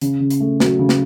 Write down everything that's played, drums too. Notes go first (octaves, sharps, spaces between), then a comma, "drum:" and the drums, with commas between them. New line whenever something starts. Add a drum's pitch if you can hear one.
C#3, drum: hi-hat
C#3
drum: hi-hat
A3
F#3, drum: snare
C#3
drum: snare